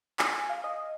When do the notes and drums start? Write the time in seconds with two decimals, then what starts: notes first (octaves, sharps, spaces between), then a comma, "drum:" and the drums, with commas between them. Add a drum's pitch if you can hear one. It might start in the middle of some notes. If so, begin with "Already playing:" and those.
0.19 G#5, drum: clap
0.34 G#5
0.49 F5
0.64 D#5